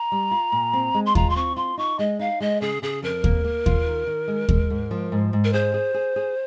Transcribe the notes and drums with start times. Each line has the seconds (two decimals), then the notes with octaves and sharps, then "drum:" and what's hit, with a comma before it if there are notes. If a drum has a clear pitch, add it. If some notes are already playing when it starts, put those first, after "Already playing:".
Already playing: A#5
0.12 G3
0.31 F4
0.52 A#2
0.73 C4
0.94 G#3
1.06 C6
1.15 F4 A#5, drum: kick D#2
1.30 C6
1.36 C4 C#6
1.56 F4 C6
1.77 D#4 C#6
1.99 G#3 D#5
2.19 D#4 F5
2.40 G#3 D#5
2.61 C#3 G#4
2.82 C#3 G#4
3.02 F2 A#4
3.24 A#3, drum: kick D#2
3.44 A#3
3.66 F4, drum: kick D#2
3.86 D#3
4.07 D#3
4.28 G#3
4.49 G#3, drum: kick D#2
4.70 G#2
4.91 F3
5.12 G#2
5.33 G#2
5.44 A#4
5.53 G#4 C5
5.74 G#4
5.94 G#4
6.16 G#4